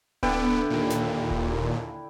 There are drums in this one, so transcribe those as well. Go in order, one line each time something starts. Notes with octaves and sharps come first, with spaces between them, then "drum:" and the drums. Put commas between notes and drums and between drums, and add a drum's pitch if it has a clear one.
D3 B3 E4 G5, drum: kick D1
D#2 A#2
drum: snare
drum: kick D1